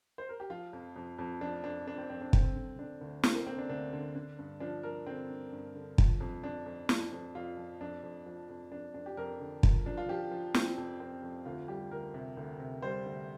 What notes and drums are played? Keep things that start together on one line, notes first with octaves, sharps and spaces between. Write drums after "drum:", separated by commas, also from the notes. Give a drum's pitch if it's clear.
C5
A#4
G4
F3 F4
F2
F2
F2
F3 D4
F2 D4
F2 D4
C4
F2 C4
D4
D3 C4, drum: kick
D3
D3 D4
D2
D3 C4, drum: snare
A#3
D3 C4
D4
D2 D4
D3
D3
G2
F3 D4
F3 A#4
D3 C4
G2
G2
D3
F3, drum: kick
F2
F2 D4
F2
F2, drum: snare
F2
F2 F4
F3
F2 D4
F2
F3
F2
F2 D4
F2 D4
G4
F2 A#4
D3
F3, drum: kick
F3 D4
F4
F3 G4
F3
F3 C4, drum: snare
F2
F2 C4
F2
D2 F4
G3 G4
D2 A#4
C3
D2
C3
G3 C5
D2